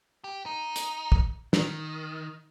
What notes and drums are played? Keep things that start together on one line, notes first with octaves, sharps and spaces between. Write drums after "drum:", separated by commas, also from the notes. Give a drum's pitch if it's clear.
G4
D#4
drum: hi-hat
drum: kick
D#3, drum: snare